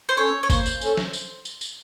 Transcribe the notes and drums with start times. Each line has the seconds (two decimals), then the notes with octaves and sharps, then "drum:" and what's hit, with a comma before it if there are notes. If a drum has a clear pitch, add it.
0.09 C5
0.17 C#4 A4 C#5
0.43 C#5
0.50 A#3 C5, drum: kick, tambourine
0.66 drum: tambourine
0.81 C#4 A4, drum: tambourine
0.97 drum: snare
1.13 drum: tambourine
1.45 drum: tambourine
1.61 drum: tambourine